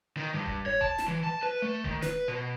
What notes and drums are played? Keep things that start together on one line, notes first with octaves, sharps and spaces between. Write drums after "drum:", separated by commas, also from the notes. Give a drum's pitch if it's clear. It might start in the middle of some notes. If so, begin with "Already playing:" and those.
D#3
G2
drum: kick E1
C#5
A5, drum: kick E1
drum: snare
E3
A5
B4
A3
D#3, drum: kick E1
B4, drum: snare
B2